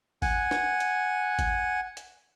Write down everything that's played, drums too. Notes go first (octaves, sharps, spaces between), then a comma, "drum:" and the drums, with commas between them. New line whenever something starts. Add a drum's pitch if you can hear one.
F#5 G#5, drum: kick G#1, open hi-hat
drum: snare
drum: hi-hat
drum: kick G#1, hi-hat
drum: hi-hat